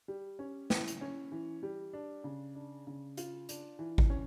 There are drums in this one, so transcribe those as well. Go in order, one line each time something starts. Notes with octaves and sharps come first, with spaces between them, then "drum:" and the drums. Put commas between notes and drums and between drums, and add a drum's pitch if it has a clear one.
G3
C#4
E4, drum: snare
drum: hi-hat
C#4
E3
G3
D4
C#3
D4
C#3
F4, drum: hi-hat
D4, drum: hi-hat
E3
drum: kick G#1
C#4